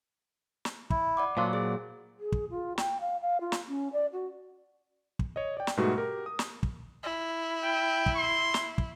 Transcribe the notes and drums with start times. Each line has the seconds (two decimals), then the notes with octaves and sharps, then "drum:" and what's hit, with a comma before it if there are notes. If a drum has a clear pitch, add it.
0.65 drum: snare
0.90 E4, drum: kick
1.17 D5 F#5 D6
1.37 A#2 F#3 D4 F4 C5 F5
1.53 G#4 D5
2.20 G#4
2.32 drum: kick
2.50 F4
2.78 G5, drum: snare
3.01 F5
3.21 F5
3.41 F4
3.52 drum: snare
3.68 C#4
3.93 D5
4.13 F#4
5.19 drum: kick
5.36 C#5 D#5
5.57 D5 G5
5.67 drum: snare
5.77 G#2 B2 G3 A3 B3 F#4
5.97 G4 A#4
6.26 D#6
6.39 drum: snare
6.63 drum: kick
7.03 E4
7.64 G5
8.06 drum: kick
8.16 C6
8.54 drum: snare
8.78 drum: kick